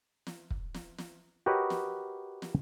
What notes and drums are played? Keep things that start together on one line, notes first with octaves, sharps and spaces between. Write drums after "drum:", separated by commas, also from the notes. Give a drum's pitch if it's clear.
drum: snare
drum: kick
drum: snare
drum: snare
F#4 G4 A#4 B4 C#5 D#5
drum: snare
drum: snare